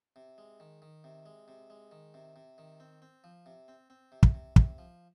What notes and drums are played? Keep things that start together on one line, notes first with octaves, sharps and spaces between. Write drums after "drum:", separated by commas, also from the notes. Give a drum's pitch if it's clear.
C3
G#3
D#3
D#3
C3
G#3
C3
G#3
D#3
C3
C3
D#3
C4
C4
F3
C3
C4
C4
C3
drum: kick
C3
C3, drum: kick
F3